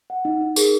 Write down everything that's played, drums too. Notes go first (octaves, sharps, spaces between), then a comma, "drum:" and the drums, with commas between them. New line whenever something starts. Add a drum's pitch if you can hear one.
F#5
D#4
D#4
G#4 A#4, drum: tambourine